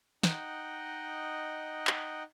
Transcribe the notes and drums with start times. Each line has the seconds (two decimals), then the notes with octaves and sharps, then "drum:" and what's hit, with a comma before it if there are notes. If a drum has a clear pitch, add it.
0.23 D#4 D#5 F#5 G5, drum: snare
1.87 drum: clap